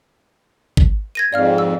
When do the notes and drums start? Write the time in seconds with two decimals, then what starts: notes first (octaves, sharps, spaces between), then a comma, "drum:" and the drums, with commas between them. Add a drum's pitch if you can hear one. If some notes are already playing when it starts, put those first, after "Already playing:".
0.77 drum: kick
1.15 G#6 A#6 D#7
1.33 F2 G#2 D5 F5 F6
1.58 E6